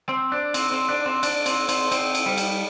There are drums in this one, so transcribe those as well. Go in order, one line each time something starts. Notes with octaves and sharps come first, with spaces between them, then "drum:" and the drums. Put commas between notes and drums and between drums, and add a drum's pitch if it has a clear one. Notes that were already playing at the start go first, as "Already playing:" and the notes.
C4
D4
C4, drum: cymbal
C4
D4
C4
D4, drum: cymbal
C4, drum: cymbal
C4, drum: cymbal
C4, drum: cymbal
drum: cymbal
G3
drum: cymbal